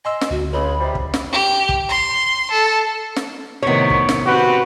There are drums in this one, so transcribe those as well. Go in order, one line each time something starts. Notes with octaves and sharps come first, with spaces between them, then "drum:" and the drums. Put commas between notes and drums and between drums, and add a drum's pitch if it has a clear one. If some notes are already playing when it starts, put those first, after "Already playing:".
D#5 G#5 C6 E6
drum: snare
D2 F#4
C#2 B5
C3 F3 G3
drum: kick
drum: snare
G4
drum: kick
C6
A4
drum: snare
A2 C3 D#3 B3 C#5
drum: kick
drum: snare
C4 F#4 G4 B4